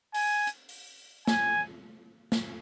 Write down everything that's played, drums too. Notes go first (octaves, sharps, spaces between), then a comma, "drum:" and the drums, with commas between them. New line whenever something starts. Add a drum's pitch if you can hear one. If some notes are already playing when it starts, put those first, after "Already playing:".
G#5, drum: open hi-hat
drum: hi-hat
drum: open hi-hat
G#5, drum: snare
drum: snare